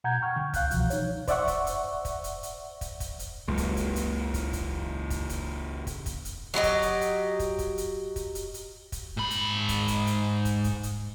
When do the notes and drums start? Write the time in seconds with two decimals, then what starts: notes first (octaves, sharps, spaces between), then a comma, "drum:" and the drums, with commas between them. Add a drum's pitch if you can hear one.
0.04 B2 F#5 A#5 G6 G#6
0.22 G5 C#6 F6
0.36 D3
0.54 C#2 F5 F#6 G6, drum: kick, hi-hat
0.71 C2 B2 E3 F3, drum: hi-hat
0.90 D#4 C#5, drum: hi-hat
1.28 C5 D5 E5 F#5 C#6, drum: kick, hi-hat
1.48 drum: kick, hi-hat
1.67 drum: hi-hat
2.05 drum: kick, hi-hat
2.24 drum: hi-hat
2.43 drum: hi-hat
2.81 drum: kick, hi-hat
3.00 drum: kick, hi-hat
3.19 drum: hi-hat
3.48 F#1 C#2
3.58 drum: kick, hi-hat
3.77 drum: hi-hat
3.96 drum: hi-hat
4.34 drum: kick, hi-hat
4.53 drum: kick, hi-hat
5.10 drum: kick, hi-hat
5.29 drum: hi-hat
5.87 drum: kick, hi-hat
6.06 drum: kick, hi-hat
6.25 drum: hi-hat
6.54 F#3 G4 B4 D#5
6.63 drum: kick, hi-hat
6.82 drum: hi-hat
7.01 drum: hi-hat
7.39 drum: kick, hi-hat
7.59 drum: kick, hi-hat
7.78 drum: hi-hat
8.16 drum: kick, hi-hat
8.35 drum: hi-hat
8.54 drum: hi-hat
8.92 drum: kick, hi-hat
9.17 G#2 B5
9.30 drum: hi-hat
9.69 drum: kick, hi-hat
9.88 drum: hi-hat
10.07 drum: hi-hat
10.45 drum: kick, hi-hat
10.64 drum: kick, hi-hat
10.83 drum: hi-hat